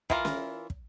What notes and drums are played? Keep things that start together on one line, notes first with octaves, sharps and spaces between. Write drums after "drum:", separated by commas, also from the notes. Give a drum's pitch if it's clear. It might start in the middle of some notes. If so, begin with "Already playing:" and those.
E3 E4 F4 A#4, drum: kick
drum: snare C#4
drum: kick